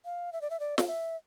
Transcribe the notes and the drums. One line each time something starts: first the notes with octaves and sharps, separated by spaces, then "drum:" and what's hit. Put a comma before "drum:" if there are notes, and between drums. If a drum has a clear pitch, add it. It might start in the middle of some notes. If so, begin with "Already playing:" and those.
F5
E5
D5
E5
D5
F5, drum: snare
E5